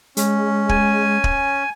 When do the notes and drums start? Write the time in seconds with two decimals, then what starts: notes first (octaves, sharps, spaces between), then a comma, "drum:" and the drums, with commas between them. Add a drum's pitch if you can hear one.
0.17 G#3 C#4, drum: hi-hat
0.69 G#5, drum: kick
1.24 drum: kick